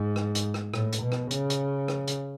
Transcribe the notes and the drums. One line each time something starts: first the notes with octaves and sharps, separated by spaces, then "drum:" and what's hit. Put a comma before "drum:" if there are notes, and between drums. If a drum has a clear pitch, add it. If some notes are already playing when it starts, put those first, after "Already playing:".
Already playing: G#2
drum: rim click
drum: hi-hat
drum: rim click
A2, drum: rim click
drum: hi-hat
B2
drum: rim click
C#3, drum: hi-hat
drum: hi-hat
drum: rim click
drum: hi-hat